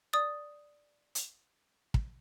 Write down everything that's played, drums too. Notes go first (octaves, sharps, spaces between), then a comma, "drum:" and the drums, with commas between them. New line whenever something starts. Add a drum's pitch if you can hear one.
D5 D#6 A6
drum: hi-hat
drum: kick